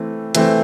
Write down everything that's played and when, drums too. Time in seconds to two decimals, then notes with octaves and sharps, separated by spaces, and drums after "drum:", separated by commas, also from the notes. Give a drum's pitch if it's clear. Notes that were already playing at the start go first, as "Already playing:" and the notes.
Already playing: E3 A3 C4
0.35 E3 A3 C4, drum: hi-hat